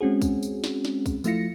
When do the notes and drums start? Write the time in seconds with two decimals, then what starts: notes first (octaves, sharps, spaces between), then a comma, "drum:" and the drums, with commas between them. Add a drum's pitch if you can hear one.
0.01 G#3 C4 C#4 F#4 G#4
0.22 drum: kick, tambourine
0.43 drum: tambourine
0.64 drum: snare
0.85 drum: snare
1.06 drum: kick, tambourine
1.24 F3 A3 E4 F4 A#6 C#7, drum: tambourine